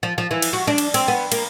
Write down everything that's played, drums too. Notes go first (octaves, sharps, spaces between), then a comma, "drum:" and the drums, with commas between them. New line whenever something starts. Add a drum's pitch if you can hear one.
F3
F3
E3
drum: cymbal
F#4
D4
drum: cymbal
C4, drum: cymbal
B3
A#3, drum: cymbal